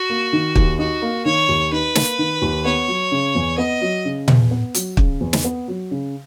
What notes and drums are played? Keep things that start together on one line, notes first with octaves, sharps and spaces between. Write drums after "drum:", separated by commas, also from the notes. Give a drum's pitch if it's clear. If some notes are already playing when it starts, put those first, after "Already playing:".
Already playing: F#4
A#3
D#3
D#2, drum: kick
D#4 F#4
A#3
D#3 C#5
D#2
D#4 B4
A#3, drum: snare
D#3
D#2
B3 C#5
F#3
C#3
E2
B3 D#5
F#3
C#3
E2, drum: tom A#2
B3
F#3, drum: hi-hat
C#3, drum: kick
E2
drum: snare
B3
F#3
C#3